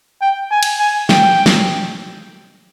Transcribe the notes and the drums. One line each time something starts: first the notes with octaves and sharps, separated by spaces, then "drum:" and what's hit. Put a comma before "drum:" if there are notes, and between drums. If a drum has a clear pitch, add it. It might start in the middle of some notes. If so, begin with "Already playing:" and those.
G5
G#5
drum: cymbal
G#5
G5, drum: snare
drum: snare